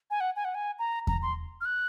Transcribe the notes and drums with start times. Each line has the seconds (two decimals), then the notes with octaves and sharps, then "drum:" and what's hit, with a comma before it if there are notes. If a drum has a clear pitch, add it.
0.10 G#5
0.20 F#5
0.36 G#5
0.45 F#5
0.55 G#5
0.79 A#5
1.07 A#5, drum: kick E2
1.22 C6
1.61 F6
1.65 F#6